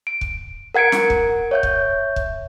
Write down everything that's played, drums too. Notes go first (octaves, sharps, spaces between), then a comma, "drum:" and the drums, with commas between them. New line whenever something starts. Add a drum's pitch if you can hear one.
D7
drum: kick C#1
A#4 F#5 G#6 C#7 D7
drum: snare
drum: kick C#1
C#5 E5 G6
drum: kick C#1
drum: kick C#1